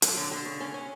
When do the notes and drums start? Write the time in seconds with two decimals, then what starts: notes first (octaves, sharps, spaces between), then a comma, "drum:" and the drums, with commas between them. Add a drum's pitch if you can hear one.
0.02 F#3, drum: hi-hat
0.17 D3
0.32 D3
0.46 C#3
0.61 C#4
0.74 C#4